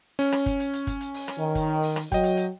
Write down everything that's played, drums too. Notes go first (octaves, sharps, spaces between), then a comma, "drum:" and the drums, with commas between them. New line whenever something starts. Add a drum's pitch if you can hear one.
C#4, drum: open hi-hat
drum: rim click
drum: kick G1, hi-hat
drum: hi-hat
drum: hi-hat
drum: kick G1, hi-hat
drum: hi-hat
drum: open hi-hat
drum: rim click
D#3
drum: kick G1, hi-hat
drum: open hi-hat
drum: rim click
F#3 D#5 G5, drum: kick G1, hi-hat
drum: hi-hat
drum: hi-hat